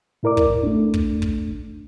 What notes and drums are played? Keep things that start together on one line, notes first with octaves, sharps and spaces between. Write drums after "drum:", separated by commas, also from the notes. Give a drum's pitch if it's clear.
A2 E4 A#4 D5 D6
drum: kick
A3 D4
drum: kick
drum: kick